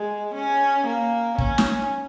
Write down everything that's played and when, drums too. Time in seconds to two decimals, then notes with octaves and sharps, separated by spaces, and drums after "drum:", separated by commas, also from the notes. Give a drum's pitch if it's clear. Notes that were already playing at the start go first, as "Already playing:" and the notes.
Already playing: G#3
0.34 C#4
0.86 A#3
1.38 C#4, drum: kick
1.58 drum: snare